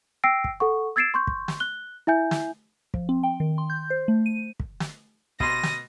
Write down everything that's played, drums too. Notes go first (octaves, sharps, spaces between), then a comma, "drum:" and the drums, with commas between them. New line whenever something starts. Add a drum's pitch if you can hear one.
G5 E6 A#6 C7 D7
drum: kick
A4 F#5 C#6
E6 G#6 A6 C7 D7 E7
C6 C#6 G6
drum: kick
drum: snare
F#6 G7
E4 E5 G#5 G6
drum: snare
F3, drum: kick
C4
G5
D#3
C6
G6
C5
A3
D#7
drum: kick
drum: snare
B2 C6 A#6 D#7, drum: kick
drum: snare